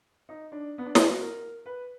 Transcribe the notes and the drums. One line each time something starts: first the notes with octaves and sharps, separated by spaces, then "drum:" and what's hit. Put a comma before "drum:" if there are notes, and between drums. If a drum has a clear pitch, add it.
D#4
D4
B3
D4
drum: snare
F#4
A#4
B4